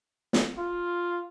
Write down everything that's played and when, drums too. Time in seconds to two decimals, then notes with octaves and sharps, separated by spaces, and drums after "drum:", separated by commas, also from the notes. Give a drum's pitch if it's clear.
0.33 drum: snare
0.58 F4